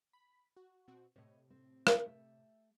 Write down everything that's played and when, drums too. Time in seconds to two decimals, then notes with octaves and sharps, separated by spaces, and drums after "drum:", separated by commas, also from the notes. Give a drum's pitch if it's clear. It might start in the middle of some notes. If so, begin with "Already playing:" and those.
0.13 B5
0.57 F#4
0.88 B2 C4 F#4
1.16 A2 C3 C#5 D#5
1.50 C4
1.87 drum: rim click
2.06 A3 G4 E5